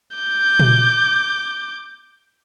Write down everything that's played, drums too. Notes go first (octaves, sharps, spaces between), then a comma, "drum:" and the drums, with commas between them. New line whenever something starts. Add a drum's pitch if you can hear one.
D6 G6
drum: tom A#2